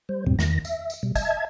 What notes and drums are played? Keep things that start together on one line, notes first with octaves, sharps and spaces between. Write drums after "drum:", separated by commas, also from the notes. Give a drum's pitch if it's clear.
G3 C5
E2 G#2 B2 G3 C4
E2 D#3 A#6, drum: snare
E5, drum: tambourine
drum: tambourine
B2 G3
D#5 E5 A5 G#6, drum: kick, tambourine